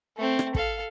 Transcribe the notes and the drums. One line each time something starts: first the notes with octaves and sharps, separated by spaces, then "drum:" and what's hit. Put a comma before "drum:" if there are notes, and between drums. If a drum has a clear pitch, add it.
A3 C4
drum: rim click
A4 F5, drum: kick